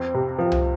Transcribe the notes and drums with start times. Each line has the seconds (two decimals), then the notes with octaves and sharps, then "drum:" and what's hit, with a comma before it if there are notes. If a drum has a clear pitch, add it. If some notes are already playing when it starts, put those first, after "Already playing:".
Already playing: F2 C4
0.14 C3
0.38 F3
0.52 drum: tom C2